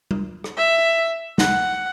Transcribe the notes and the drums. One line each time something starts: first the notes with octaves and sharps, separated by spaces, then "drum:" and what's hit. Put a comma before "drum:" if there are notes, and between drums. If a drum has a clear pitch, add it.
drum: tom G3
drum: rim click
E5
F#5, drum: snare